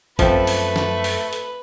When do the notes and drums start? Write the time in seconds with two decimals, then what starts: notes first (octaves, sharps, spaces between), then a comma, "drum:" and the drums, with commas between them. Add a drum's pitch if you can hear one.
0.19 F#2 F3 A3 C4 B4 G5, drum: kick A1, hi-hat
0.47 drum: open hi-hat
0.76 drum: snare
1.04 drum: open hi-hat
1.33 drum: hi-hat